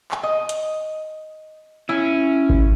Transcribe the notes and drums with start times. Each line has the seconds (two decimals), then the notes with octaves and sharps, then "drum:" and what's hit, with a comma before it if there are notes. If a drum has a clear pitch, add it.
0.11 drum: clap
0.23 D#5
0.49 drum: hi-hat
1.89 C#4 E4
2.49 drum: kick G#1